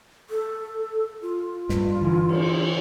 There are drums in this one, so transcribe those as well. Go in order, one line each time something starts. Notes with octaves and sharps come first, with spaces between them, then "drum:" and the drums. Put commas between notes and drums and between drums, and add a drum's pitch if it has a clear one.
A4
F4
G2, drum: snare
D3 E3
drum: cymbal